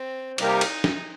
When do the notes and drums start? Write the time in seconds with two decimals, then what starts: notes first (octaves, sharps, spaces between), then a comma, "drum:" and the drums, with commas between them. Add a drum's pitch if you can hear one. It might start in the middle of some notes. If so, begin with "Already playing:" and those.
Already playing: C4
0.38 C3 G3 A#3 D#4 G4 A#4, drum: cymbal
0.61 drum: cymbal
0.84 drum: snare